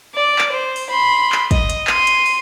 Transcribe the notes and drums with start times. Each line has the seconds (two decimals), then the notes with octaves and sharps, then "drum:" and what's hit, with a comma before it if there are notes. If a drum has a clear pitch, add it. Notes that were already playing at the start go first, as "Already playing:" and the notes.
0.15 D5
0.38 drum: clap
0.53 C5
0.76 drum: open hi-hat
0.91 B5 C6
1.32 drum: clap
1.51 D#5, drum: kick, hi-hat
1.70 drum: hi-hat
1.87 C6 D#7, drum: clap
2.07 drum: hi-hat
2.26 drum: open hi-hat